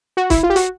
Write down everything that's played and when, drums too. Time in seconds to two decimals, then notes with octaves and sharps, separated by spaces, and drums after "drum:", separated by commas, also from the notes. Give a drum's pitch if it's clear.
0.17 F#4
0.30 E4, drum: kick, hi-hat
0.43 F4
0.50 G4
0.56 F#4, drum: hi-hat